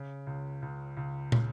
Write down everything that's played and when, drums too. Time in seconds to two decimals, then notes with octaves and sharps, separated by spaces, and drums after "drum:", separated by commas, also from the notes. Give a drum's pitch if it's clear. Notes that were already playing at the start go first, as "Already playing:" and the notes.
Already playing: C#3
0.27 C#2
0.62 C#2
0.97 C#2
1.32 C#3, drum: tom